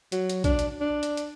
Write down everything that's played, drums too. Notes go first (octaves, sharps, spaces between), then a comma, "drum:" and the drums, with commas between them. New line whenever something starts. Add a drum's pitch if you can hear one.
F#3, drum: hi-hat
drum: hi-hat
D4, drum: kick A#1, hi-hat
drum: hi-hat
D4
drum: hi-hat
drum: hi-hat